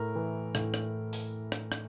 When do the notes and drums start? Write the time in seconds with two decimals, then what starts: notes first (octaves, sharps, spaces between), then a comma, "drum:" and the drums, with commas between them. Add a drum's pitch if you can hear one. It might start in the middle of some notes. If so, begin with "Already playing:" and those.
Already playing: A2 A#4
0.15 E3
0.55 A2, drum: rim click
0.74 drum: rim click
1.13 drum: open hi-hat
1.52 drum: rim click
1.72 drum: rim click